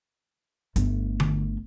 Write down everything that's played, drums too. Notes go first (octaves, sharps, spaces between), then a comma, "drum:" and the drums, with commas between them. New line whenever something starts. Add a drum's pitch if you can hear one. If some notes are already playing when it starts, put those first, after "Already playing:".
G1 A3, drum: hi-hat
drum: tom D3